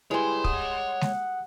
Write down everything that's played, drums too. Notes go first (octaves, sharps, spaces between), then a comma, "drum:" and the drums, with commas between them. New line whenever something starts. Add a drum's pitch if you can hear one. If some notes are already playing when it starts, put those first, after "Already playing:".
G3 G#3 E4 B4 C#5 G#5 C6
F#5 D#6, drum: kick
drum: snare G#3